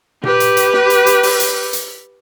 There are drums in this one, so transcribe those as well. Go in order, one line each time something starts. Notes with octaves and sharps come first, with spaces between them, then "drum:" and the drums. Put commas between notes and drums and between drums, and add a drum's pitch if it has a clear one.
G4 B4, drum: tom A#2
drum: hi-hat
drum: hi-hat
drum: snare
drum: hi-hat
drum: hi-hat
drum: open hi-hat
drum: hi-hat
drum: hi-hat